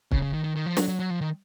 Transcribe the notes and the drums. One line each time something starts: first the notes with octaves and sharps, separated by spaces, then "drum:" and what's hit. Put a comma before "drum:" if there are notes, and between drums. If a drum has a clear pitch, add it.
C#3, drum: kick
C#3
D#3
D#3
D#3
F3
F#3, drum: snare
F#3
F#3
F3
D#3